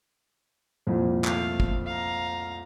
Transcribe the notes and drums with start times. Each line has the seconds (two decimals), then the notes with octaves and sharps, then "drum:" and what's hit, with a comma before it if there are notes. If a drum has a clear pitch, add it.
0.87 C2 F2 A#2
1.24 A3 F5, drum: clap
1.60 drum: kick
1.87 F5 A#5